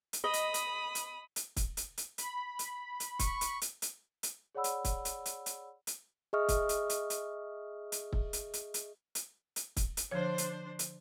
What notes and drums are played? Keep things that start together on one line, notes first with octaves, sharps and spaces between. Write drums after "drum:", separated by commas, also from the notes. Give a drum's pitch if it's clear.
drum: hi-hat
D#5 B5 D#6
drum: hi-hat
drum: hi-hat
drum: hi-hat
drum: hi-hat
drum: kick, hi-hat
drum: hi-hat
drum: hi-hat
B5, drum: hi-hat
drum: hi-hat
drum: hi-hat
C#6, drum: kick, hi-hat
drum: hi-hat
drum: hi-hat
drum: hi-hat
drum: hi-hat
G#4 C#5 D5 F#5 B5 E6
drum: hi-hat
drum: kick, hi-hat
drum: hi-hat
drum: hi-hat
drum: hi-hat
drum: hi-hat
G#4 D#5 E5 C#6 D#6 F6
drum: kick, hi-hat
drum: hi-hat
drum: hi-hat
drum: hi-hat
drum: hi-hat
drum: kick
drum: hi-hat
drum: hi-hat
drum: hi-hat
drum: hi-hat
drum: hi-hat
drum: kick, hi-hat
drum: hi-hat
D3 F3 D4 C5 C#5
drum: hi-hat
drum: hi-hat